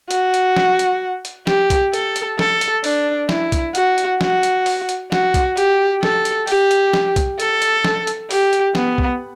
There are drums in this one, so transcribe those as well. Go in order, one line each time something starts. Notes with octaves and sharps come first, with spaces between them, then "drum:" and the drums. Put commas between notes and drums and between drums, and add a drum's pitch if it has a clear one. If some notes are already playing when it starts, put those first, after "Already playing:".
F#4, drum: hi-hat
drum: hi-hat
drum: snare
drum: hi-hat
drum: hi-hat
G4, drum: snare
drum: kick B1, hi-hat
A4, drum: hi-hat
drum: hi-hat
A4, drum: snare
drum: hi-hat
D4, drum: open hi-hat
E4, drum: snare
drum: kick B1, hi-hat
F#4, drum: hi-hat
drum: hi-hat
F#4, drum: snare
drum: hi-hat
drum: open hi-hat
drum: hi-hat
F#4, drum: snare
drum: kick B1, hi-hat
G4, drum: hi-hat
A4, drum: snare
drum: hi-hat
G4, drum: open hi-hat
drum: hi-hat
drum: snare
drum: kick B1, hi-hat
A4, drum: hi-hat
drum: hi-hat
drum: snare
drum: hi-hat
G4, drum: open hi-hat
drum: hi-hat
B3, drum: snare
drum: kick B1